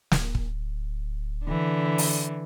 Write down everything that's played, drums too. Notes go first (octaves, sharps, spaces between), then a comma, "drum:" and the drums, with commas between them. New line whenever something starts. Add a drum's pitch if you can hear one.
D1, drum: snare
drum: kick
D3 E3
drum: open hi-hat